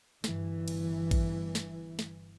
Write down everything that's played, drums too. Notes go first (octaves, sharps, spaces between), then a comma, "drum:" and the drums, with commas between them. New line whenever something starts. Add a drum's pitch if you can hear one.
G1 G2 E3, drum: snare
drum: cymbal
drum: kick, cymbal
drum: snare
drum: snare